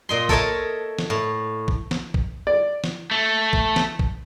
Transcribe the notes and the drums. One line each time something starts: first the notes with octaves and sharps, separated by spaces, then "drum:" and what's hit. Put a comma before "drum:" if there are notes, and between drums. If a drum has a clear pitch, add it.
A#2 D#5 C6
A4 A#4 C#5 D#5 E5 A5, drum: kick A#1
drum: snare
A2
drum: kick A#1
drum: snare
drum: kick A#1
D5
drum: snare
A3
drum: kick A#1
drum: snare
drum: kick A#1